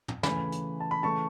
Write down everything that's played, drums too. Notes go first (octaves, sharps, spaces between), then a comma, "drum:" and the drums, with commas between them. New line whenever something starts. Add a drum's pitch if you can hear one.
drum: tom
C#3 E3 A3 G#5 B5, drum: snare
drum: hi-hat
A5
B5
C#3 E3 A3 A5 C#6